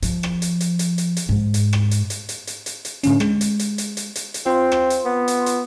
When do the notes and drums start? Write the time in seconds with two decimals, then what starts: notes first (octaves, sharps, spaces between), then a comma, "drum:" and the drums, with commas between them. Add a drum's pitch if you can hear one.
0.02 F3, drum: hi-hat
0.23 drum: rim click
0.42 drum: hi-hat
0.61 drum: hi-hat
0.79 drum: hi-hat
0.98 drum: hi-hat
1.17 drum: hi-hat
1.29 G#2
1.54 drum: hi-hat
1.73 drum: rim click
1.91 drum: hi-hat
2.10 drum: hi-hat
2.29 drum: hi-hat
2.47 drum: hi-hat
2.66 drum: hi-hat
2.85 drum: hi-hat
3.03 A2 D3 C#4, drum: hi-hat
3.20 G#3, drum: rim click
3.41 drum: hi-hat
3.59 drum: hi-hat
3.78 drum: hi-hat
3.97 drum: hi-hat
4.16 drum: hi-hat
4.34 drum: hi-hat
4.46 C4 F4 C6
4.72 drum: rim click
4.90 drum: hi-hat
5.06 B3
5.28 drum: hi-hat
5.46 drum: hi-hat